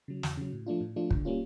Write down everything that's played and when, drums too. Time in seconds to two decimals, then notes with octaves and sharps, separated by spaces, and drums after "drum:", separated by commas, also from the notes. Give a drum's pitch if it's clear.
0.08 C#3 F#3
0.23 E2, drum: snare
0.37 C#3 F#3
0.53 A2
0.66 F3 A3 D4 F4
0.81 A2
0.96 F3 A3 D4 F4
1.11 D3, drum: kick
1.25 G3 A#3 C#4 F4